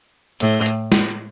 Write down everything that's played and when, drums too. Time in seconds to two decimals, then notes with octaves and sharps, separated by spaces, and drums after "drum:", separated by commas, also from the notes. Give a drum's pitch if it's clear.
0.40 A2, drum: hi-hat
0.66 drum: hi-hat
0.92 drum: snare